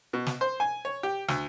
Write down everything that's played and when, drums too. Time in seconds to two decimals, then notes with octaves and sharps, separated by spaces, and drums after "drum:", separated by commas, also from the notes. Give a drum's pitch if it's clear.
0.13 B2
0.26 drum: snare
0.41 C5
0.60 G#5
0.85 C#5
1.03 G4
1.28 D2, drum: snare